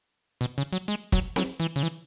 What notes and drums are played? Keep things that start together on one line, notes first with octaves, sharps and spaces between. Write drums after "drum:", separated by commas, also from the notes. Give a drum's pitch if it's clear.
B2
C#3
F#3
G#3
F#3, drum: kick
F#3, drum: snare C4
E3
C#3
E3